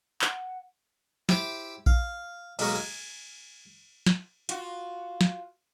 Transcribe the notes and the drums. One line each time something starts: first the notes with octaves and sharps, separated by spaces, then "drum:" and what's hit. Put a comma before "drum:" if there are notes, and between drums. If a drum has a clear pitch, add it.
F#5, drum: clap
E4 G4 C5 D6, drum: snare
F5, drum: kick A#1
B1 G#3 A#3 D#5 C#6, drum: cymbal
G#5
drum: snare
F4 F#4, drum: hi-hat
drum: snare